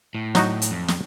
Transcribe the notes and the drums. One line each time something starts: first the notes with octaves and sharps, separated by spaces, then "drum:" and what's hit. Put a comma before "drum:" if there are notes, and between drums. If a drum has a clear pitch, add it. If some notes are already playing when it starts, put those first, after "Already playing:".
A2
F#3 D#4 F#4, drum: snare
drum: hi-hat
F2
drum: snare